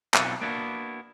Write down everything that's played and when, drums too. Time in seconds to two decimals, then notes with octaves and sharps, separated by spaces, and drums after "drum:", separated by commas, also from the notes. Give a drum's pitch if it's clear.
0.14 B1 C4 F4 A4 F#5, drum: clap
0.41 A#3 B3 D4 E4 F#4